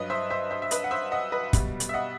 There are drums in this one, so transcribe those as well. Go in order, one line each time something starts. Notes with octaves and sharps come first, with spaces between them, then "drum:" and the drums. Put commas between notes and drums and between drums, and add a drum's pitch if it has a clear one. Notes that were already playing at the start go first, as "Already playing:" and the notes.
Already playing: G2 F#3 B4 D#5
C5 E5
C5 E5
C5 E5
E5
B4 D#5, drum: hi-hat
F#5
C5 E5
D#5 F#5
B4 D#5
B2 G3, drum: kick, hi-hat
drum: hi-hat
E5
D#5 F#5